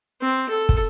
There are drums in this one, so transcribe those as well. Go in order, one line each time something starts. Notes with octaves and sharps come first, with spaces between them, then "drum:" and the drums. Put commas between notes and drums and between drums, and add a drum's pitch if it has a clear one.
C4
A4
drum: kick